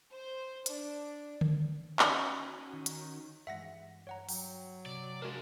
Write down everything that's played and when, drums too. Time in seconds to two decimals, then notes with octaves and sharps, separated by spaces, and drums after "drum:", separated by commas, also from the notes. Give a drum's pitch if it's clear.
0.11 C5
0.66 D4, drum: hi-hat
1.41 drum: tom D3
1.99 C#4 D#4 F#4, drum: clap
2.73 D#3
2.86 drum: hi-hat
3.47 G2 E3 G#3 E5 F#5 A#6
4.07 G2 C#5 F#5 A#5
4.29 F#3 G5, drum: open hi-hat
4.86 C3 D5
5.22 F3 G#3 D4 F#4 A#4